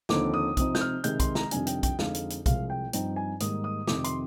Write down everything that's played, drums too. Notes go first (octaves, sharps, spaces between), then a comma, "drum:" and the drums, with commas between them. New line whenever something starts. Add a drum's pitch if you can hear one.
D#2 D3 F3 C4 D#4 D6, drum: snare
D#6
C3 F3 C4 D#4 D#6, drum: kick B1, hi-hat
G6, drum: snare
F6
C3 D#3 G#3 G6, drum: hi-hat
C6, drum: kick B1, hi-hat
A#5, drum: snare
F2 C3 D#3 G3 D4 G#5, drum: hi-hat
G5, drum: hi-hat
G5, drum: kick B1, hi-hat
F2 D3 G#3 D#4 F5, drum: snare
drum: hi-hat
drum: hi-hat
C2 C3 F3 G#3 F5, drum: kick B1, hi-hat
G5
G2 F3 C4 D#4 G5, drum: hi-hat
G#5
G#2 D#3 G3 A#3 D#6, drum: hi-hat
D#6
F2 C3 D#3 D6, drum: snare
C6, drum: hi-hat